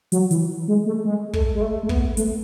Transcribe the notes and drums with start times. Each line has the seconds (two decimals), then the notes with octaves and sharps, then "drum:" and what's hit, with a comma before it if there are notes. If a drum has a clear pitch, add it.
0.12 F#3, drum: hi-hat
0.31 E3, drum: hi-hat
0.68 G#3
0.86 A3
1.05 G#3
1.33 A3, drum: kick
1.55 G#3
1.61 A3
1.83 A3
1.89 B3, drum: kick
2.17 A3, drum: hi-hat